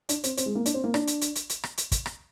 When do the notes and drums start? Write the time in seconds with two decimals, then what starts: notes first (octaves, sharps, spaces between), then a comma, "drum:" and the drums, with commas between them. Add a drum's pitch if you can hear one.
0.09 D4, drum: hi-hat
0.24 C4, drum: hi-hat
0.37 C4, drum: hi-hat
0.46 G#3
0.55 A#3
0.66 D4, drum: hi-hat
0.74 C4
0.84 A#3
0.94 D4, drum: rim click
1.07 drum: hi-hat
1.21 drum: hi-hat
1.35 drum: hi-hat
1.49 drum: hi-hat
1.63 drum: rim click
1.78 drum: hi-hat
1.92 drum: kick, hi-hat
2.06 drum: rim click